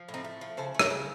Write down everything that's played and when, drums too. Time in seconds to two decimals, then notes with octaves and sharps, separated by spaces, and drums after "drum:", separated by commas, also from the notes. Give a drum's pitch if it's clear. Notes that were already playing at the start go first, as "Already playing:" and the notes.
Already playing: F3
0.08 A2
0.14 C4 D#4
0.24 A3
0.41 F3
0.57 C#3 A4 C5
0.74 A3
0.79 A#4 C#5, drum: rim click
0.90 C#3